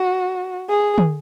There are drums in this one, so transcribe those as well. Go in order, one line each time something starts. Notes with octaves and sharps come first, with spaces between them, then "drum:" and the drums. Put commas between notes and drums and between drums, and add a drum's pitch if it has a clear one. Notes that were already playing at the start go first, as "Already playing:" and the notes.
Already playing: F#4
G#4
drum: tom